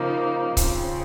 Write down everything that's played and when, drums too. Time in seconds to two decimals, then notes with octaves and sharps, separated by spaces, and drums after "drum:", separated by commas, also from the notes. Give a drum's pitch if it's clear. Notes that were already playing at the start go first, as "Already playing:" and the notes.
Already playing: C#3 F3 A#3 D#4
0.57 C#3 F3 C4, drum: kick C#1, hi-hat